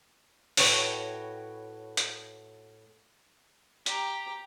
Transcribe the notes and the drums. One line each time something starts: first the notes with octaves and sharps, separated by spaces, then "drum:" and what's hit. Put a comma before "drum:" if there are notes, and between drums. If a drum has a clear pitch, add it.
A2 F#4 B4 C#5 G5, drum: open hi-hat
drum: hi-hat
G4 A#5, drum: hi-hat